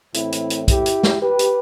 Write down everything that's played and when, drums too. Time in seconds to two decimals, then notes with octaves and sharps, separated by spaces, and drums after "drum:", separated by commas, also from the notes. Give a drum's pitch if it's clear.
0.14 A2 E3 C4 E4, drum: hi-hat
0.32 drum: hi-hat
0.50 drum: hi-hat
0.68 E4 G4, drum: kick B1, hi-hat
0.86 drum: hi-hat
1.03 drum: snare
1.21 G4 B4
1.39 drum: hi-hat